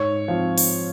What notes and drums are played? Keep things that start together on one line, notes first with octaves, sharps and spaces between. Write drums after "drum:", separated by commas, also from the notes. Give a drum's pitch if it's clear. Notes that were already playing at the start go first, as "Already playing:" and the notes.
Already playing: G#2 C#5
F3 C4
drum: open hi-hat